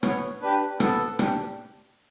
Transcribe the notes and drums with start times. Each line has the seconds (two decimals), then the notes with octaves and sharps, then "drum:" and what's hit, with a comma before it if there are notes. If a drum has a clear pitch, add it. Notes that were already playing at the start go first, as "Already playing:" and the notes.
0.03 B3 C#5, drum: rim click
0.42 D4 G4 B4
0.80 B3 A4, drum: rim click
1.19 D4 G4, drum: rim click